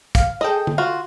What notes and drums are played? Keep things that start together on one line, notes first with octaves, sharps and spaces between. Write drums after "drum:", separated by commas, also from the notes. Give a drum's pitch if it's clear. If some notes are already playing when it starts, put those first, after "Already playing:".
F5, drum: kick, hi-hat
G#4 A4 D#5 G5
drum: tom D3
F4 F#4